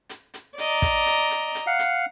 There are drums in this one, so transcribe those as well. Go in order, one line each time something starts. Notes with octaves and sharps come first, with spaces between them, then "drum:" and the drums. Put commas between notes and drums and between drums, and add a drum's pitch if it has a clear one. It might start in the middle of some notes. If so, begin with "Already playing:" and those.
drum: hi-hat
drum: hi-hat
D5 D#5 A#5, drum: hi-hat
drum: kick, hi-hat
drum: hi-hat
drum: hi-hat
drum: hi-hat
F5 F#5
drum: hi-hat